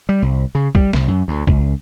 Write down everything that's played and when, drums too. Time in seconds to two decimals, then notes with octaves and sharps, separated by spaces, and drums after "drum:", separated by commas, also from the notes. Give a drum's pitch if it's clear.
0.09 G3
0.22 C2
0.55 C#3
0.75 G3, drum: kick
0.93 C2, drum: snare
1.08 F#2
1.28 D2
1.47 C#2, drum: kick